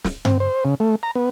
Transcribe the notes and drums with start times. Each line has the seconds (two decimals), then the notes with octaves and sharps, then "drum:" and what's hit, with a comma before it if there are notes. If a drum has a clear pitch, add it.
0.04 drum: snare
0.25 C4, drum: tom G2
0.40 C5
0.65 C#3
0.80 A3
1.03 A#5
1.15 B3